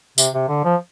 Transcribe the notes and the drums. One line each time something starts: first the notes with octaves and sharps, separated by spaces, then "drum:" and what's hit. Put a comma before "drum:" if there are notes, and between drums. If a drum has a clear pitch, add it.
C3, drum: tambourine
C3
D3
F3